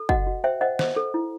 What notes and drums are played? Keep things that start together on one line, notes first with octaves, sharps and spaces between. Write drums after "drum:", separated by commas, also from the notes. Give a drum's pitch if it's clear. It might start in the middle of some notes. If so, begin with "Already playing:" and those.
Already playing: A4
F#4 D#5 F#5, drum: kick
F#4
C5 E5 G5
C5 D#5 F#5
C5, drum: snare
A4
E4